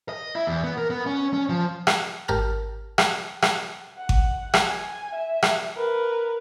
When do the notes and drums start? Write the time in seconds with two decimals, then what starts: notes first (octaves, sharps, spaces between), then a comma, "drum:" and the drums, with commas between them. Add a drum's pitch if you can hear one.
0.09 D#5
0.35 E4
0.47 E2
0.64 B3
0.78 A#4
0.90 B3
1.06 C#4
1.34 C#4
1.49 F3
1.87 drum: rim click
2.28 G#1 G4 A#4 A5 F6
2.98 drum: rim click
3.42 drum: rim click
3.97 F#5
4.09 drum: kick G#1
4.54 drum: rim click
4.65 G#5
5.15 E5
5.43 drum: rim click
5.76 A#4 B4